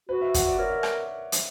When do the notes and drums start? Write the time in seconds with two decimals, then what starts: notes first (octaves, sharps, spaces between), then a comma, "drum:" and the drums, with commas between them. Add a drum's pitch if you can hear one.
0.09 F#4 B4
0.21 E5
0.34 F#5, drum: kick, hi-hat
0.46 D5
0.58 A#4 C#5
0.70 E5
0.83 drum: rim click
1.32 drum: hi-hat